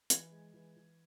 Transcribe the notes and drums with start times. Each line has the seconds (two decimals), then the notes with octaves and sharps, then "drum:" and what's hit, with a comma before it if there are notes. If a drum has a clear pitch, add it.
0.10 E3 G#6, drum: hi-hat
0.31 G#3
0.54 E3
0.76 E3